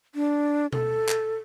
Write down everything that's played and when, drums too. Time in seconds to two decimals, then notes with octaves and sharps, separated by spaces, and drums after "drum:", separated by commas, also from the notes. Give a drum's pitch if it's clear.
0.15 D4
0.73 A4, drum: tom B2
1.09 drum: clap